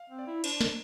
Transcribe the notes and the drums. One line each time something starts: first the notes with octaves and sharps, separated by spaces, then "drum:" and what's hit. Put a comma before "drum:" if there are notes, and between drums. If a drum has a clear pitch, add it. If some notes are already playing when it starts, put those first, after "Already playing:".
Already playing: F5
C4
D5
E4
D4 C5, drum: cymbal
A#4, drum: snare